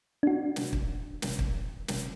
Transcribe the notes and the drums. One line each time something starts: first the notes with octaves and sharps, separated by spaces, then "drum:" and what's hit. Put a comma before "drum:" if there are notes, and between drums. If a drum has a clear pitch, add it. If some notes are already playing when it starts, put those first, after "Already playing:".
D4 F#4
drum: snare
drum: kick
drum: snare
drum: kick
drum: snare